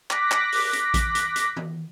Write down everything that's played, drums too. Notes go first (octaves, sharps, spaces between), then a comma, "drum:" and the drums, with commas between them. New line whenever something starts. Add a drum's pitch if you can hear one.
D6 F#6 A#6 B6, drum: clap
drum: clap
drum: open hi-hat
drum: hi-hat
drum: kick A1, hi-hat
drum: hi-hat
drum: hi-hat
drum: tom